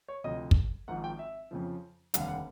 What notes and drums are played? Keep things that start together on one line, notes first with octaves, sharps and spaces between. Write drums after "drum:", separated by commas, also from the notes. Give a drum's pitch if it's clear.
C#5
D2 C3 F3 D#5
drum: kick
G#1 G#2 F3 F#5
G5
E5
F2 C#3 F3
F1 D#2 D3 G3 F#5, drum: hi-hat
F5
F#5